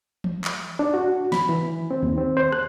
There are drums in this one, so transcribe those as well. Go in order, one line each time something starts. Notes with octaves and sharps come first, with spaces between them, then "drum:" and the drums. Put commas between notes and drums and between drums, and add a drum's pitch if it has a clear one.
drum: tom E3
drum: clap
D4
F#4
B5, drum: snare
E3
C4
D#2
C4
C5
F#6, drum: rim click